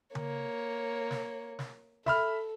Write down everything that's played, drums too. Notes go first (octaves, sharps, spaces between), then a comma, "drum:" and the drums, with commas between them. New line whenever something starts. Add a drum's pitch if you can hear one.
A#3 C#5, drum: tom C#3
drum: snare
drum: snare
A4 E5 B5 F6, drum: snare